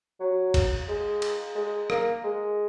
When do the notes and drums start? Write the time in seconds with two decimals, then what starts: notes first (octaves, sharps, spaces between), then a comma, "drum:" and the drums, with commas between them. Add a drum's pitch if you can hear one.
0.21 F#3
0.54 drum: kick, cymbal
0.88 G#3
1.22 drum: cymbal
1.55 G#3
1.90 A#3, drum: rim click
2.24 G#3